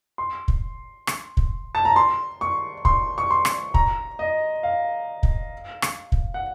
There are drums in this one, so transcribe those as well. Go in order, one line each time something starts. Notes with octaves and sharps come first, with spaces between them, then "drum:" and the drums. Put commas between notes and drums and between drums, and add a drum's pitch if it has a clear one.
C6
drum: kick
drum: rim click
drum: kick
A5
A#5
C6
C#6
C6, drum: kick
C#6
C6
drum: rim click
A#5, drum: kick
D#5
F5
drum: kick
drum: rim click
drum: kick
F#5